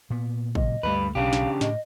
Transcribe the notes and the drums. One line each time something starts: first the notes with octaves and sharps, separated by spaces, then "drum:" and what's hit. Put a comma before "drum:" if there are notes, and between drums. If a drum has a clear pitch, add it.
A#2 B3
A#2 C#3 F#3 D#5, drum: kick
D2 G2 A3 B4
B1 C#3 D4 G4 F5
drum: snare
A2 D#5, drum: snare